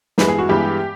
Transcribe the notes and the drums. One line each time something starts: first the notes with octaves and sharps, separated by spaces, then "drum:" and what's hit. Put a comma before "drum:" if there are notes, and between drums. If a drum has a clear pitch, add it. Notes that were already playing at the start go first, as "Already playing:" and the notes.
G2 E3 G#3 B3 B4, drum: snare
G#4
F#4
G2 E3 G#3 B3 G4